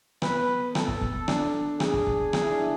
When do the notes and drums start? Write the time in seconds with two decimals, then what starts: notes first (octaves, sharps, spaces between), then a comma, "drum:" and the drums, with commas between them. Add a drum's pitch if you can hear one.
0.22 B3 B4, drum: rim click
0.75 A4, drum: rim click
0.88 drum: kick
1.01 drum: kick
1.28 D4, drum: rim click
1.80 G#4, drum: rim click
1.94 drum: kick
2.07 drum: kick
2.33 drum: rim click
2.42 E4
2.51 D4
2.61 E4